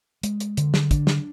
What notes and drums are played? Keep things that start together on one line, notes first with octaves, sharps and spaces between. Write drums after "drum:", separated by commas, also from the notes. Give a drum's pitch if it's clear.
G#3, drum: hi-hat
drum: hi-hat
D3, drum: hi-hat
drum: snare
D4, drum: kick, hi-hat
drum: snare